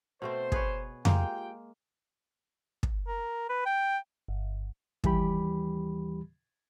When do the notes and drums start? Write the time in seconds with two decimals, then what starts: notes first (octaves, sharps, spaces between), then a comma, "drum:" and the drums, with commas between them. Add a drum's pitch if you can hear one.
0.22 B2 A3 C4 C5
0.52 G#4 B4 C#5, drum: kick
1.05 G#3 A#3 F4 G4 G5, drum: tom F2
2.83 drum: kick
3.07 A#4
3.49 B4
3.66 G5
4.28 G1
5.04 D#2 E3 G3 G4 B5, drum: kick